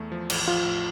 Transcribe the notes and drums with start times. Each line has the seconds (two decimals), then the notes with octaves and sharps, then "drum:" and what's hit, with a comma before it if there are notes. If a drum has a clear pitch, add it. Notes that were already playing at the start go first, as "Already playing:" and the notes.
Already playing: E2 A3
0.12 F3
0.30 A1, drum: cymbal
0.47 F3 F4
0.65 A1